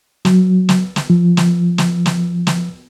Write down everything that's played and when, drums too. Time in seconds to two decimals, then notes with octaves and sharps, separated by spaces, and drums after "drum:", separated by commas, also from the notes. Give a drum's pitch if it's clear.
0.25 F#3, drum: snare
0.69 drum: snare
0.96 drum: snare
1.10 F3
1.37 drum: snare
1.78 drum: snare
2.06 drum: snare
2.47 drum: snare